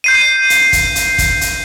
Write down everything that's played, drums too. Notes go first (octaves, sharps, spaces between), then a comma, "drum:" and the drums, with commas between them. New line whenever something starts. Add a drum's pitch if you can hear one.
G6 C7 D#7
drum: hi-hat
drum: kick, hi-hat
drum: hi-hat
drum: kick, hi-hat
drum: hi-hat